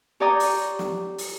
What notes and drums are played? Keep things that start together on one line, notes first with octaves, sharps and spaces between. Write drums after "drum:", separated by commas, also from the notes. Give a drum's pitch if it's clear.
G4 C#5 D5 G5 A#5 D#6
drum: open hi-hat
drum: snare
drum: open hi-hat